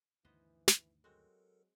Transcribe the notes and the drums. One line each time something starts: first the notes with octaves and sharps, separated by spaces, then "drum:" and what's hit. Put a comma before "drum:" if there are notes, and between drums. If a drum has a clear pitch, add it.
D2 G2 D#3 E3 B3 C5 D#5
drum: snare
F#3 G#3 C4 F#4 A4 A#4